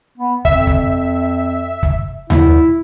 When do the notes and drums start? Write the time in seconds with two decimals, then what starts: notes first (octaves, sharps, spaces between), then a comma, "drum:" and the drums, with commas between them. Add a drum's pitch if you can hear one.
0.18 B3
0.45 F2 E5, drum: kick
0.67 drum: kick
1.83 drum: kick
2.30 E4, drum: tom D#2